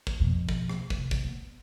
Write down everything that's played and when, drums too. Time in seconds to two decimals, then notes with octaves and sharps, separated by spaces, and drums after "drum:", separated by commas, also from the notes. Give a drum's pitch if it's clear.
0.07 drum: kick
0.20 F2 B2
0.49 drum: kick
0.69 drum: rim click
0.90 F1, drum: kick
1.11 drum: kick
1.24 B3